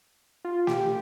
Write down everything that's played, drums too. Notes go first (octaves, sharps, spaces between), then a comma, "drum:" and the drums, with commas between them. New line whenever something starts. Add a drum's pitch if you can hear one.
F4
G4, drum: snare